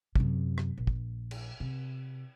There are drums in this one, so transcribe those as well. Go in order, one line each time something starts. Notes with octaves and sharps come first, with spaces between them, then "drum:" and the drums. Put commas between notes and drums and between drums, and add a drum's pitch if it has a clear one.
F#2 C3, drum: kick
drum: rim click
A#1
drum: kick
drum: cymbal
C3